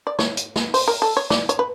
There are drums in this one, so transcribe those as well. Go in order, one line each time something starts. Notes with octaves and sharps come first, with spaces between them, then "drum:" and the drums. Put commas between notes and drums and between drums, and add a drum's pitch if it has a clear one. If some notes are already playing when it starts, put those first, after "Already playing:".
D5
C#5, drum: snare
drum: hi-hat
drum: snare
C5, drum: open hi-hat
A#4
A4
C#5
D5, drum: snare
C#5, drum: hi-hat
B4